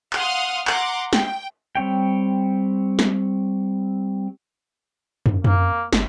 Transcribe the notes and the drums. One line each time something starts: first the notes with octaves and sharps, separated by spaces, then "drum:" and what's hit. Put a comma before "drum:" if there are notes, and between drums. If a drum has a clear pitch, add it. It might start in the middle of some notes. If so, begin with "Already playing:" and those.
F5 F#5 C6 D#6 F6, drum: clap
F#5 A#5 C6 D6, drum: clap
G5, drum: snare
G3 C4 C#5 G5
drum: snare
F#2, drum: tom
A#3, drum: tom
G1, drum: snare